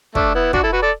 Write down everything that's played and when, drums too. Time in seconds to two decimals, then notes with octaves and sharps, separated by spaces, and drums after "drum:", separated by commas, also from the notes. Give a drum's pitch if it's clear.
0.15 A3 D4, drum: kick
0.35 B3 E4
0.53 D4 F#4, drum: kick
0.63 E4 A4
0.72 F#4 B4
0.82 A4 D5